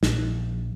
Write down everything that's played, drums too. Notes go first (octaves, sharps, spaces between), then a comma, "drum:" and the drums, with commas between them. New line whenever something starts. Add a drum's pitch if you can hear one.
A#1, drum: snare